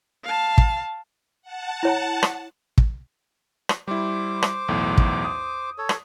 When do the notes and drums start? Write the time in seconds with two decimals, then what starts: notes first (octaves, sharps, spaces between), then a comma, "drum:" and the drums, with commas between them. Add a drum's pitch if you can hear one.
0.25 F5 A5
0.58 drum: kick
1.42 F#5 A5
1.83 E4 C#5 A#5
2.23 drum: rim click
2.78 drum: kick
3.69 drum: rim click
3.88 G3 E4 C5 D6
4.42 drum: rim click
4.68 B1 E2 A2
4.97 drum: kick
5.24 D#6
5.78 A4 C#5
5.89 drum: rim click